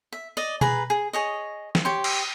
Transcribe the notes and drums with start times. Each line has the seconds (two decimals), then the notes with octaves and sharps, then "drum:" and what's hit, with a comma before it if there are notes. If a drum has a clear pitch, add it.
0.13 E5
0.37 D5 D#5
0.61 G#4 B4 A#5, drum: tom B2
0.90 G#4
1.13 G#4 C#5 D#5
1.75 drum: snare
1.85 G4 C#5 G5 C6
2.04 drum: cymbal